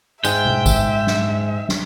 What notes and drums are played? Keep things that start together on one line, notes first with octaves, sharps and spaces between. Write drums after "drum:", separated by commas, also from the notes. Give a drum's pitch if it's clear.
G#2 G#3 E5 G5, drum: tambourine
drum: tom B2
drum: kick, tambourine
drum: snare
drum: snare